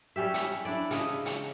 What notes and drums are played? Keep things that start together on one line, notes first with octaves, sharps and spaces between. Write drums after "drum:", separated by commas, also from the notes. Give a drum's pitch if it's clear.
G3 C#4 G4 E5
drum: hi-hat
D4 E4 D5
C#3 D#5 E5, drum: hi-hat
drum: hi-hat